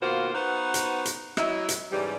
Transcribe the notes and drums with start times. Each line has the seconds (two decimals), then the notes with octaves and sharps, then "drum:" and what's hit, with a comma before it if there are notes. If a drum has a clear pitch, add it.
0.02 B2 D#3 A#3 F4 F#4 C5
0.35 B3 D#4 F#4 B4 C5
0.74 drum: hi-hat
1.05 drum: hi-hat
1.37 F#3 E4 D#5, drum: rim click
1.69 drum: hi-hat
1.92 G#2 C#3 E3 G3